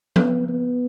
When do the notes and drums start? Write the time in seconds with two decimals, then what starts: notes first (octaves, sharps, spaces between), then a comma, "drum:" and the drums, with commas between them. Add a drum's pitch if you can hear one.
0.16 B3, drum: tom F3
0.48 B3